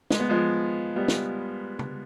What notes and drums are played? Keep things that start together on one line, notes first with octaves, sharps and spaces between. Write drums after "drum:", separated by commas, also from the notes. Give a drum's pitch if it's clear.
G#3, drum: snare
B3
F3 G#3
G3 B3
drum: snare
drum: tom C3